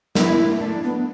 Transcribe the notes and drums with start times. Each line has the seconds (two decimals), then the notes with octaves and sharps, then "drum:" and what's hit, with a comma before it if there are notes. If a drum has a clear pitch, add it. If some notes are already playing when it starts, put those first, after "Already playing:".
0.15 B3 E4, drum: snare
0.38 A#3
0.60 A3 D4
0.83 B3